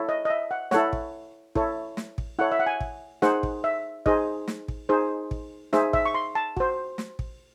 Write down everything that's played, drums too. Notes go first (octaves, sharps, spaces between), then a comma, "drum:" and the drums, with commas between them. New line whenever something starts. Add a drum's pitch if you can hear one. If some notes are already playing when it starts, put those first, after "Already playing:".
Already playing: E4 A4 C#5
D#5
D#5
E5
F#5
E4 A4 C#5 F#5, drum: snare
drum: kick
E4 A4 C#5, drum: kick
drum: snare
drum: kick
E4 A4 C#5 F#5
E5
F#5
G#5
drum: kick
D#4 G#4 C5 F#5, drum: snare
drum: kick
E5
D#4 G#4 C5 D#5, drum: kick
drum: snare
drum: kick
D#4 G#4 C5
drum: kick
D#4 G#4 C5 E5, drum: snare
E5, drum: kick
C#6
C6
A5
F#4 C5, drum: kick
drum: snare
drum: kick